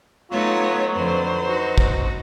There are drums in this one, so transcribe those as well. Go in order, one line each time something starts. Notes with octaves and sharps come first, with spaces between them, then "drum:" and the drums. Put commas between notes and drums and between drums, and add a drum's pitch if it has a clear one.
F#3 A3 B3 D#4 F4 C#5
F2 D3 B4 C5
D#4 F#4
drum: kick